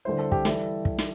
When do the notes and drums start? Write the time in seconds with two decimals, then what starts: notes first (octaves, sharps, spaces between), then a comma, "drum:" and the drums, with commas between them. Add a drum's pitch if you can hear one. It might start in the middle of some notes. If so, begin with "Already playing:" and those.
0.05 D3 G3 E4 C5
0.19 A4
0.32 G4, drum: kick
0.45 E3 G3 E4 A4, drum: snare
0.85 drum: kick
0.98 drum: snare